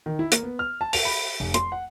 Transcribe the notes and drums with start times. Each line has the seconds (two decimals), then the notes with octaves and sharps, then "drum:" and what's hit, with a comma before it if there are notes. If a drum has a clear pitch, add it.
0.06 D#3
0.19 E4
0.32 A#3, drum: hi-hat
0.43 B3
0.59 F6
0.81 A5
0.93 F7, drum: open hi-hat
1.05 B5
1.40 F1
1.54 C6, drum: hi-hat
1.72 F#5